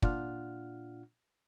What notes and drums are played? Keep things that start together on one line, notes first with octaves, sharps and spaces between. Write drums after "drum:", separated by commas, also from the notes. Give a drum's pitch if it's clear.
A#2 D4 F4 F#5 F6, drum: kick